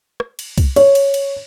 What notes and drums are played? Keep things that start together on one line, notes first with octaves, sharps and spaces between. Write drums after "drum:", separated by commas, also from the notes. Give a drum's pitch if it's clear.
drum: rim click
drum: cymbal
drum: kick, cymbal
C#5, drum: cymbal
drum: cymbal
drum: cymbal